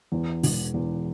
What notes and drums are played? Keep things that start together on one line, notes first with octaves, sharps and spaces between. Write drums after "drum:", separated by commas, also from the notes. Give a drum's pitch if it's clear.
E2
E1, drum: open hi-hat
E2